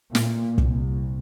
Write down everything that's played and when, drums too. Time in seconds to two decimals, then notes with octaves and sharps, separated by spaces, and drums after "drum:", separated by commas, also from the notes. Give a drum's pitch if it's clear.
0.15 A#2, drum: snare
0.58 C2, drum: kick